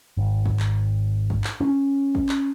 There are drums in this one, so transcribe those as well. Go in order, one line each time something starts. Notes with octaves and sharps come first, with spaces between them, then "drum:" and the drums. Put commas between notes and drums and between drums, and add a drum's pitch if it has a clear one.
G#1
drum: kick G#1
drum: clap
drum: kick G#1
drum: clap
C#4
drum: kick G#1
drum: clap